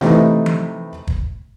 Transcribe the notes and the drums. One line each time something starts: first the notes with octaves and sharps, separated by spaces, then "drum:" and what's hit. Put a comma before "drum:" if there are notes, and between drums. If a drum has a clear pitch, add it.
C3 E3 A3 D#4, drum: snare
drum: tom F3
drum: kick